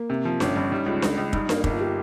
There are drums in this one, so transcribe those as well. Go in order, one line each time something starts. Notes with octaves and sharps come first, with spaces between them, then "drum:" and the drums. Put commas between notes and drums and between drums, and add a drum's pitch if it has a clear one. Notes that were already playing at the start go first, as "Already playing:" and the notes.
Already playing: A#3
C3
F3
G1 C#4, drum: snare D4
G2
G3 D#4
C#2 F4
C#2, drum: snare D4
C#2
G2 D#4, drum: kick
A#3, drum: snare D4
G1 D#4, drum: kick
F4
G4